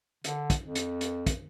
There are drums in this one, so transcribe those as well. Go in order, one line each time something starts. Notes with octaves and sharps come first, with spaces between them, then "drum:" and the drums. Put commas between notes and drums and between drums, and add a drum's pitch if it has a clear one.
D3, drum: hi-hat
drum: kick, hi-hat
F2
drum: hi-hat
drum: hi-hat
drum: kick, hi-hat